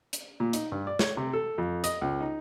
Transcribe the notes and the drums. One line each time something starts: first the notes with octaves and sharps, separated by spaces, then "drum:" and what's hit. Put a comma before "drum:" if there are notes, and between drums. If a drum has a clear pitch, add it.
drum: hi-hat
A#2
D#4, drum: hi-hat
G2
D5
C#5, drum: snare
C3
A4
F2
D#5, drum: hi-hat
C#2
D#4